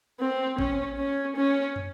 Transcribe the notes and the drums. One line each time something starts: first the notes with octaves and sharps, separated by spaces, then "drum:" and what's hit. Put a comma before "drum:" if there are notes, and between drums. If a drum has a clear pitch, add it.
C4
C#4, drum: kick G#1
C#4
C#4
drum: tom